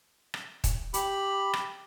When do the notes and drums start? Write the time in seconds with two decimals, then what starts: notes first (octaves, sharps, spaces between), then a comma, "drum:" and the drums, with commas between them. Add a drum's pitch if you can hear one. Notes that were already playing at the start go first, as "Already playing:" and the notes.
0.34 drum: rim click
0.64 drum: kick, hi-hat
0.94 G4 B5, drum: hi-hat
1.54 drum: rim click